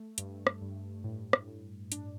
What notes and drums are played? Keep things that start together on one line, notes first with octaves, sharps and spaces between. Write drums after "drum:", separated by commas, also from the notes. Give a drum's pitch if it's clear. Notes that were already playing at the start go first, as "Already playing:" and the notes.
Already playing: A3
G2, drum: hi-hat
drum: rim click
G2
A2
drum: rim click
A2
D4, drum: hi-hat